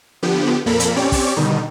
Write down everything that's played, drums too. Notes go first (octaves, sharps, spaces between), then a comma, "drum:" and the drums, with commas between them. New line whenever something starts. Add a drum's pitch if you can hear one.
D3 F3 B3 G4
drum: rim click
F2 A#2 A#3 A4 A#4 B5
drum: hi-hat
C4 C#4 G4 C#5 D5
drum: kick, open hi-hat
B2 D3 D#3 G3 D#4